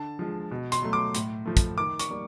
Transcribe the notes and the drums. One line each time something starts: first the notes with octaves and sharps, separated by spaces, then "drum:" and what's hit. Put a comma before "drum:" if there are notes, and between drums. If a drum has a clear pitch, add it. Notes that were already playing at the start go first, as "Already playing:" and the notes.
Already playing: D3 A5
F3 G#3
B2
C6, drum: hi-hat
F#3 A3
D6
A2, drum: hi-hat
F3 A3
drum: kick, hi-hat
D#3 D6
C#6, drum: hi-hat
G3 A#3